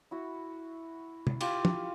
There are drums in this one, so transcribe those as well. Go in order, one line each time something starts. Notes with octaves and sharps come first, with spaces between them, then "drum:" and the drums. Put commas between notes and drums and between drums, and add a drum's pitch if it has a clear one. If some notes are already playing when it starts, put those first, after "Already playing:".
E4 F#4
drum: tom
F4 G4, drum: cymbal
drum: tom